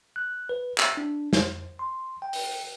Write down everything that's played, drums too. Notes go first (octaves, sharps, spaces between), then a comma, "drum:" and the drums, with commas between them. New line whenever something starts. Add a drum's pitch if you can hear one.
F#6
B4
E6, drum: clap
D4
F2, drum: snare
C6
G5
drum: open hi-hat